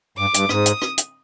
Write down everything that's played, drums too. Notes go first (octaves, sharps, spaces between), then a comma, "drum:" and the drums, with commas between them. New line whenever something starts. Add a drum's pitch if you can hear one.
G2 D6
G2, drum: hi-hat
G#2 D#6, drum: rim click
drum: hi-hat
drum: rim click
drum: hi-hat